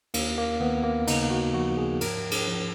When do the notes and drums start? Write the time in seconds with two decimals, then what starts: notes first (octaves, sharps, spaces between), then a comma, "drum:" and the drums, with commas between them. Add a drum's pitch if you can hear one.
0.14 D#2 A#3, drum: cymbal
0.38 A#3
0.61 D#2 B3
0.84 A#3
1.07 C#3 D#4, drum: cymbal
1.30 F#4
1.54 F3 F#4
1.77 G#4
2.01 G#2 A#4, drum: cymbal
2.31 G#4, drum: cymbal
2.47 F3